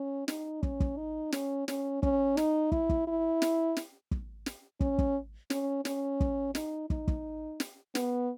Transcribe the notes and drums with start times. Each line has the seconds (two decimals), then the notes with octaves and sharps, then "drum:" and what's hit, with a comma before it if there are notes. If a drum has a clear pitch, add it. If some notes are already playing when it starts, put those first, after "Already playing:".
Already playing: C#4
0.28 D#4, drum: snare
0.63 C#4, drum: kick
0.80 drum: kick
0.98 D#4
1.32 C#4, drum: snare
1.68 C#4, drum: snare
2.03 C#4, drum: kick
2.37 D#4, drum: snare
2.72 E4, drum: kick
2.89 drum: kick
3.07 E4
3.42 drum: snare
3.77 drum: snare
4.11 drum: kick
4.46 drum: snare
4.80 C#4, drum: kick
4.98 drum: kick
5.50 C#4, drum: snare
5.85 C#4, drum: snare
6.20 drum: kick
6.55 D#4, drum: snare
6.90 D#4, drum: kick
7.08 drum: kick
7.60 drum: snare
7.95 B3, drum: snare